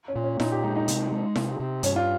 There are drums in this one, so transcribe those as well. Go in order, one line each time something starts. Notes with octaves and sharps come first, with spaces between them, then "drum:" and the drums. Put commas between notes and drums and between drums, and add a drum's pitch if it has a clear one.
C#4
A#2
C#4
A#2 D#4, drum: snare E4
G4
G#3 D#4
D#4
C3, drum: hi-hat
G#3
C3, drum: snare E4
C3
G2 C#4, drum: hi-hat
F4